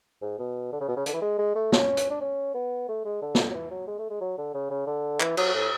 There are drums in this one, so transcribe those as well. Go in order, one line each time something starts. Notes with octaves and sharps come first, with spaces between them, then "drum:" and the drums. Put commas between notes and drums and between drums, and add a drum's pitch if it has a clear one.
G#2
B2
D3
C#3
B2
C#3
D3, drum: hi-hat
E3
G#3
G#3
A3
C#4, drum: snare
drum: hi-hat
D4
C#4
B3
A3
G#3
D3
drum: snare
F#3
E3
F#3
G#3
A3
G#3
F#3
D3
C#3
C#3
D3
E3, drum: clap
F#3, drum: cymbal
A2